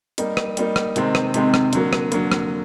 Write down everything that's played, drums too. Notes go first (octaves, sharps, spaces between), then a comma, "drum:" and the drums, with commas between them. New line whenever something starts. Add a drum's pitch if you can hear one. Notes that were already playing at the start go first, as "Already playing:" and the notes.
G3 A#3 D#4, drum: hi-hat
drum: rim click
G3 A#3 D#4, drum: hi-hat
drum: rim click
C3 D#3 G#3 C4, drum: hi-hat
drum: rim click
C3 D#3 G#3 C4, drum: hi-hat
drum: rim click
D3 F#3 A#3, drum: hi-hat
drum: rim click
D3 F#3 A#3, drum: hi-hat
drum: rim click